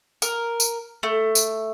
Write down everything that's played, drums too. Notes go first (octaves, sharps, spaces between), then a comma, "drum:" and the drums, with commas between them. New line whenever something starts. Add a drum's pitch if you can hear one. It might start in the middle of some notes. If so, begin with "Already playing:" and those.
A#4, drum: tambourine
drum: tambourine
A3
drum: tambourine